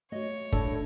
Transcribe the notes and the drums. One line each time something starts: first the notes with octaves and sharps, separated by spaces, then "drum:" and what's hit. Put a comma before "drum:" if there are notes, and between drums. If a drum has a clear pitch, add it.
A3 F#4 C#5 D#5
A2 D4 A4, drum: kick